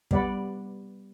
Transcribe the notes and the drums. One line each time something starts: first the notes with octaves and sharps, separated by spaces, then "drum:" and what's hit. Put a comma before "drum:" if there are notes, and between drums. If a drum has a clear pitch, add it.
G3 B3 D5 F#5 B5, drum: kick